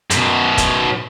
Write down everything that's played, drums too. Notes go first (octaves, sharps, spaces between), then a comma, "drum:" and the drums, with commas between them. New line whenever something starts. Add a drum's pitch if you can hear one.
F#2 B2, drum: hi-hat
drum: kick, hi-hat